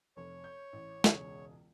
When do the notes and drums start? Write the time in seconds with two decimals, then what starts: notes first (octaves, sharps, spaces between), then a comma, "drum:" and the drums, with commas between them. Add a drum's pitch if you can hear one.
0.17 F1 C#5
0.44 G6
0.73 A1
1.04 E1 C#2 G#4, drum: snare